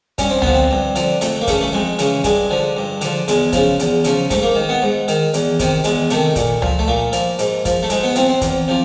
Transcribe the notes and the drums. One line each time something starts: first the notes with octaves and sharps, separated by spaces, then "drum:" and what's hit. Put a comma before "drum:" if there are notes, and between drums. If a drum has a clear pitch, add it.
G2 C#4, drum: kick, hi-hat
C4
D3 F3 B3, drum: tom C#2
C4
G2
D3 F3, drum: hi-hat
F2 A3, drum: hi-hat
A#3
C#3 E3 A3, drum: kick, hi-hat
A3
F2 G#3
C#3 E3, drum: hi-hat
G2 G#3, drum: kick, hi-hat
D3 F3
G2
D3 F3, drum: hi-hat
E2 G#3, drum: hi-hat
C#3 F3, drum: kick, hi-hat
E2, drum: hi-hat
C#3 F3, drum: hi-hat
G#2 A3, drum: kick, hi-hat
A#3
D#3
B3
G#2
D#3, drum: hi-hat
E2, drum: hi-hat
C3 D#3, drum: kick, hi-hat
E2 G#3, drum: hi-hat
C3 D#3 A3, drum: hi-hat
A#2, drum: kick, hi-hat
F3, drum: tom C#2
A3
A#2 A#3
F3, drum: hi-hat
G#2, drum: hi-hat
F3, drum: kick, hi-hat
A3
G#2 G#3, drum: hi-hat
B3
F3 C4, drum: hi-hat
C4
E2, drum: kick, hi-hat
C3 F3